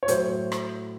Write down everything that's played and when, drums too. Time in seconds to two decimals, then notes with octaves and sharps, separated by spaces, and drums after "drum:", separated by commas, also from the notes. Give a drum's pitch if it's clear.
0.03 C#5
0.08 A2 F#3 C5, drum: hi-hat
0.52 drum: rim click